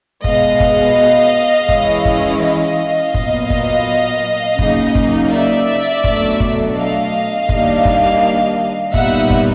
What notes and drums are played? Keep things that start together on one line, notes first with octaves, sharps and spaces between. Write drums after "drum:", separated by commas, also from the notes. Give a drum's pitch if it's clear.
B2 G#3 B3 D#5 F5, drum: kick
drum: kick
E3 G#3 C#4 E4, drum: kick
drum: kick
D#5 F5
A#2 F#3 B3, drum: kick
drum: kick
C#3 F#3 A#3 D#4, drum: kick
drum: kick
D5 E5
B2 F#3 A3 D4, drum: kick
drum: kick
D#5 F5
D#3 G3 A#3 D4, drum: kick
drum: kick
A#2 G3 B3 D#4 E5 F#5, drum: kick
drum: kick